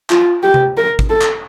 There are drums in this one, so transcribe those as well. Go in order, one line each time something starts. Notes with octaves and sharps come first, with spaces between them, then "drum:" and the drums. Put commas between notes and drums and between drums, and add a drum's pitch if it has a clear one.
F4, drum: clap
G4
drum: tom C3
A#4
drum: kick
A4
drum: clap